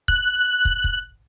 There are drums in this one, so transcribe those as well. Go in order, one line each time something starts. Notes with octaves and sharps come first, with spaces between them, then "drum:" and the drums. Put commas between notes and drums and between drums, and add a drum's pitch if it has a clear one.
F#6, drum: kick
drum: kick
drum: kick